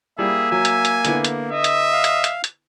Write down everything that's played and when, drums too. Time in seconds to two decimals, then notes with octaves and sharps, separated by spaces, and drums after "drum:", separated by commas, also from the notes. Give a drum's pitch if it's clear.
0.19 G3 A#3 E4 G#4 E5
0.52 F#3 G#5
0.65 drum: hi-hat
0.85 drum: hi-hat
1.05 D3 B3 E4, drum: hi-hat
1.25 drum: hi-hat
1.52 D#5 E5
1.64 drum: hi-hat
1.92 F5
2.04 drum: hi-hat
2.24 drum: hi-hat
2.44 drum: hi-hat